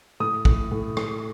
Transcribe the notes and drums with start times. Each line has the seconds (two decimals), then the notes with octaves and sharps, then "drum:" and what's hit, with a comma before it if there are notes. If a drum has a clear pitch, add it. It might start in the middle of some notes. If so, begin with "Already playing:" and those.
0.20 A2 D#6
0.45 A2, drum: kick
0.71 A2
0.97 A2, drum: rim click